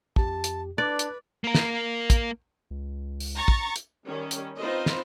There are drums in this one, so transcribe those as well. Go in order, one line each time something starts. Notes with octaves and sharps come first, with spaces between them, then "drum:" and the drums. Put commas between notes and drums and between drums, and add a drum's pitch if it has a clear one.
F2 G4 A5, drum: kick
drum: hi-hat
D4 B4 D5 F#6
drum: hi-hat
A#3 A#4
drum: snare
drum: kick, hi-hat
C#2
drum: open hi-hat
A#5 C#6 A6
drum: kick
drum: hi-hat
D#3 G3 C#4
drum: hi-hat
C4 D#4 F4 B4 C5 D#5
drum: snare